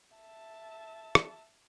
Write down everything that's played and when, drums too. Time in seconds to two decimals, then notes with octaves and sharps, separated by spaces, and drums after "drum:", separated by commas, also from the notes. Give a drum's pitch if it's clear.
0.16 E5 A5
1.15 drum: rim click